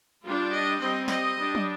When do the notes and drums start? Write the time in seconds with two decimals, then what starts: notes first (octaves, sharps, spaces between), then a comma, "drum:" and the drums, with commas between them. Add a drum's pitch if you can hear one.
0.25 G3 D4 F4
0.53 D#5
0.80 G3 C4 D#5
1.08 D#5, drum: snare
1.37 G3 D4
1.55 drum: tom